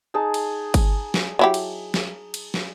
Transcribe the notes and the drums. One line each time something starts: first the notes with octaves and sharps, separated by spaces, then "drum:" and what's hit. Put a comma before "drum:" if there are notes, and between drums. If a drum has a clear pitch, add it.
D#4 G#4 A5
drum: cymbal
drum: kick G1, cymbal
drum: snare
F#3 E4 G4
drum: cymbal
drum: snare
drum: cymbal
drum: snare